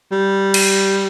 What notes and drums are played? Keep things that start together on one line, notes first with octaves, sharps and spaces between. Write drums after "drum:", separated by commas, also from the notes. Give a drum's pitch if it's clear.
G3
drum: cymbal